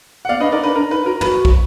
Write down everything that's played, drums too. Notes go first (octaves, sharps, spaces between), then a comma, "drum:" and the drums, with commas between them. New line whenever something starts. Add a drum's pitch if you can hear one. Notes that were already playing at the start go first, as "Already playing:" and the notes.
F#5
B3 D5 F5
D4 B4 D#5
D#4 A#4 D5
D4 B4
D4 A#4
D#4 B4
F#4 A#4
F#4 B4, drum: tom
drum: kick